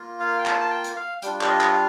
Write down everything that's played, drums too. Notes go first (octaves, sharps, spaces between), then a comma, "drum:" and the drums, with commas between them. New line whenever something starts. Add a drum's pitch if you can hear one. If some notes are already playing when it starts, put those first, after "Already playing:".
Already playing: A#3 F4
F5
G5
A5, drum: clap
A5
G5
drum: hi-hat
F5
G3 D4 F4 G5, drum: hi-hat
D5, drum: clap
D#5
drum: clap
F5